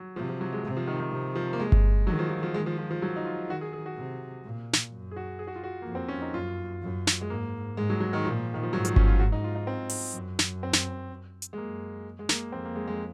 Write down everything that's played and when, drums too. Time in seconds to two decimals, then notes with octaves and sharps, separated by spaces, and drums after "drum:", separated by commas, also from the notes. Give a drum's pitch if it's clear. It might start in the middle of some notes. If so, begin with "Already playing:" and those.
Already playing: F#3
0.16 C3 F3
0.29 F3
0.41 F#3
0.53 G#3
0.64 C3 G#3
0.77 F3
0.87 D#3
1.00 D#3
1.12 C3
1.35 F3
1.53 A#3
1.60 G#3
1.72 drum: kick G1
2.07 D#3 F#3
2.19 F3
2.30 F3
2.43 F3
2.54 D#3 G#3
2.66 F3
2.78 F3
2.91 F3
3.02 F#3
3.16 D#4
3.25 F4
3.49 D#3 F#4
3.61 G#4
3.73 G#4
3.86 F#4
3.97 C3
4.45 A#2
4.73 drum: snare
4.92 F#2
5.11 G#4
5.16 F#4
5.39 G#4
5.47 F#4
5.56 F4
5.64 F#4
5.82 F2 A#3
5.95 C4
6.08 C#4
6.21 D#4
6.34 F#2 F4
6.82 F#2
7.07 drum: snare
7.21 G#3
7.29 G#2 A#3
7.77 G#2 G#3
7.90 F#3
8.00 F#3
8.13 D#3
8.24 A#2 F3
8.54 D#3
8.63 F3
8.73 G#2 F#3
8.85 F3, drum: hi-hat
8.96 C#4, drum: kick G1
9.08 F4
9.20 G#2 F#4
9.32 D#4
9.44 F4
9.55 D#4
9.67 C4
9.90 drum: open hi-hat
10.14 F#2
10.39 drum: snare
10.63 C4
10.73 drum: snare
11.42 drum: hi-hat
11.53 G#3
11.57 F#2 A#3
12.19 G#3
12.29 A#3, drum: snare
12.52 F2 C4
12.65 A#3
12.76 G#3
12.88 G#3